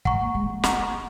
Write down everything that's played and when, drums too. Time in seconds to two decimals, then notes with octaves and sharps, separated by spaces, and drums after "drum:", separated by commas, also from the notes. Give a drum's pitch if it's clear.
0.05 G#3 F#5 A#5 C#6, drum: kick
0.21 A#3
0.35 G#3
0.50 A#3
0.63 B3 F#5 A#5 C#6, drum: snare
0.79 A#3
0.94 B3